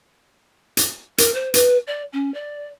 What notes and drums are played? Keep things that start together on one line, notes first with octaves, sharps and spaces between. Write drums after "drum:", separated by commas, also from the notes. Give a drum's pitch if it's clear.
drum: hi-hat
A#4, drum: hi-hat
C5
B4, drum: hi-hat
D5
C#4
D5